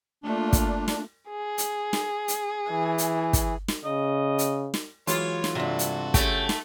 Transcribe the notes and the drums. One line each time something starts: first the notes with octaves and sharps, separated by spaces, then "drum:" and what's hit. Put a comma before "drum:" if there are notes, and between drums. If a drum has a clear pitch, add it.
A3 A#3 D4 F4
drum: kick, hi-hat
drum: snare
G#4
drum: hi-hat
drum: snare
drum: hi-hat
E3
drum: hi-hat
drum: kick, hi-hat
drum: snare
C#3 D#5
drum: hi-hat
drum: snare
E3 F#3 G#3 F4 C#5, drum: hi-hat
drum: snare
G2 C3 F#4 A4
drum: hi-hat
C#3 A3 G4 G5, drum: kick, hi-hat
drum: snare